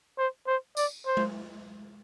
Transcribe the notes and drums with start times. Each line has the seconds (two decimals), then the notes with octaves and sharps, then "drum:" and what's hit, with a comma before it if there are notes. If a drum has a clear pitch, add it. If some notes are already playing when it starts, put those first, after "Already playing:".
0.18 C5
0.47 C5
0.77 D5, drum: tambourine
1.07 C5
1.17 drum: tom G#3